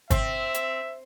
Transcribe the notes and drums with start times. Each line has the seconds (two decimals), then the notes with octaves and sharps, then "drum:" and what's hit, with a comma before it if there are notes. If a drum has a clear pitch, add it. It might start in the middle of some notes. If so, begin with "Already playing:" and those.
0.10 C4 E5, drum: kick, hi-hat
0.54 drum: hi-hat